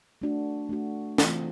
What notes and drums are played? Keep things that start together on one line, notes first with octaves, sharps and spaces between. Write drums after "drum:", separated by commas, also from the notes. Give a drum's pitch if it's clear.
A3 D4 F#4
A3 D4 F#4
E3 A3 C4 F4, drum: snare